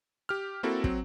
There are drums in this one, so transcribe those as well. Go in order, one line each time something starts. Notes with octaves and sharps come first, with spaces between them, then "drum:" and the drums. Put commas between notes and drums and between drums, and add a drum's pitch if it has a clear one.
G4 F6
A#3 C4 E4 F#4 A4 A#4
F#3 C4, drum: kick